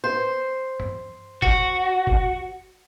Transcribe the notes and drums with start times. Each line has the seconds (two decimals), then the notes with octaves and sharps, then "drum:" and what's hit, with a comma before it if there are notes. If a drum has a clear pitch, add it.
0.04 C5
0.80 drum: tom G2
1.42 F#4, drum: kick
2.07 drum: kick